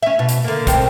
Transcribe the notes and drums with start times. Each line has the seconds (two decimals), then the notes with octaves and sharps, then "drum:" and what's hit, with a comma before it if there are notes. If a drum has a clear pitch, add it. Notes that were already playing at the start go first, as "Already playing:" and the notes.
0.03 C#4 E5
0.19 B2
0.29 drum: hi-hat
0.44 D3 A#3
0.67 B2 C4 A#4, drum: kick, hi-hat